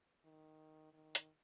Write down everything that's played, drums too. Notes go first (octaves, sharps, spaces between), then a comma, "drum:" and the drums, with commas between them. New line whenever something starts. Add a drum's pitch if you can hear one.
D#3
D#3
drum: hi-hat